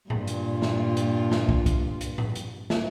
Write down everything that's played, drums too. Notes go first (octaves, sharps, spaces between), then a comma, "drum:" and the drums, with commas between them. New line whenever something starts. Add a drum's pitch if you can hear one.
G2 A#2 F4, drum: tom A2
drum: hi-hat
drum: snare
drum: hi-hat
drum: snare
drum: kick
drum: kick, hi-hat
drum: hi-hat
drum: tom A2
drum: hi-hat
drum: snare